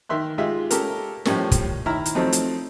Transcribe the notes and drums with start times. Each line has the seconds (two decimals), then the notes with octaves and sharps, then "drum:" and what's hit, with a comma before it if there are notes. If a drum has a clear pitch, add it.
0.09 D#3 A#4 E5 C6 F#6
0.38 G#3 D#4 F4 G4 E5
0.71 C#4 G4 A4 A#4, drum: hi-hat
1.25 A2 F3 G3 C#4 A#4, drum: snare
1.52 drum: kick, hi-hat
1.86 D#3 E4 E5 A#5 F6
2.06 drum: hi-hat
2.15 F3 F#3 A3 C4 D#4
2.32 drum: hi-hat